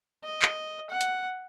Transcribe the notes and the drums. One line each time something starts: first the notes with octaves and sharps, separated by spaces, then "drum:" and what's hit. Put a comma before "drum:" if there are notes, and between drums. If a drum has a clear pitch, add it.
D#5
drum: clap
F#5
drum: hi-hat